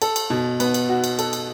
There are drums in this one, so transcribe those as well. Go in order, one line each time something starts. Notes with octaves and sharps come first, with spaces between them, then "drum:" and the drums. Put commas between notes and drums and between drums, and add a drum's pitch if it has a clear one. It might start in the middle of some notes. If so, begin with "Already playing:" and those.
A4, drum: cymbal
drum: cymbal
B2
B3, drum: cymbal
drum: cymbal
F#4
drum: cymbal
A4, drum: cymbal
drum: cymbal